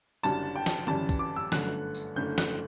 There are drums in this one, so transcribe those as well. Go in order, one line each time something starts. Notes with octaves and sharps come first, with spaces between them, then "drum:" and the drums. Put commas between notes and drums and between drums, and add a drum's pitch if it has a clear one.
F#1 F#2 D3 G3 A5, drum: tambourine
G5
drum: snare
G1 F#2 C#3 E3 G3 A5, drum: tom D3
drum: kick, tambourine
D6
E6
G1 F#2 D3 A3 F#6, drum: snare
drum: tambourine
F#1 F#2 D3 A3 G6
F#6, drum: snare